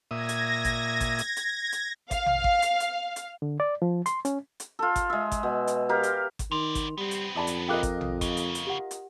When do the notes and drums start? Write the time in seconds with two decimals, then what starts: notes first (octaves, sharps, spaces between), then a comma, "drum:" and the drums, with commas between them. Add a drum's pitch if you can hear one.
0.11 A#2 E5 D#6 G#6 A#6
0.29 drum: hi-hat
0.65 drum: kick G#1, hi-hat
1.00 drum: kick G#1, hi-hat
1.18 drum: hi-hat
1.36 drum: hi-hat
1.72 drum: hi-hat
2.11 F5, drum: kick G#1, hi-hat
2.26 drum: tom A#1
2.44 drum: kick G#1
2.62 drum: hi-hat
2.80 drum: hi-hat
3.16 drum: hi-hat
3.42 D3
3.60 D5
3.82 F3
4.06 C6, drum: hi-hat
4.25 C#4, drum: hi-hat
4.60 drum: hi-hat
4.79 F4 A4
4.96 drum: kick G#1, hi-hat
5.10 G#3 E5
5.32 drum: kick G#1, hi-hat
5.43 B2
5.67 drum: hi-hat
5.89 G4 A#4 F5
6.03 drum: hi-hat
6.39 drum: kick G#1, hi-hat
6.52 D#3 B3 D5 C6 F7
6.75 drum: kick G#1, hi-hat
6.98 G3 B3 C4
7.11 drum: hi-hat
7.36 F2 D5 A5 B5
7.47 drum: hi-hat
7.68 F4 A#4 D#5 G5 D6 F#6
7.83 drum: kick G#1, hi-hat
8.01 drum: tom A#1
8.21 D2 C#3, drum: kick G#1, hi-hat
8.37 drum: hi-hat
8.55 drum: hi-hat
8.67 G4 F#5
8.91 drum: hi-hat